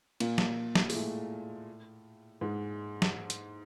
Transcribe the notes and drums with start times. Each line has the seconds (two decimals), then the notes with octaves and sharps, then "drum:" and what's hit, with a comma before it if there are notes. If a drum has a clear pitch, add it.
0.20 A#2 A#3, drum: cymbal
0.38 drum: snare
0.75 drum: snare
0.90 G#3, drum: open hi-hat
0.94 A2 A3
2.41 G#2 G#3
3.02 drum: snare
3.30 drum: hi-hat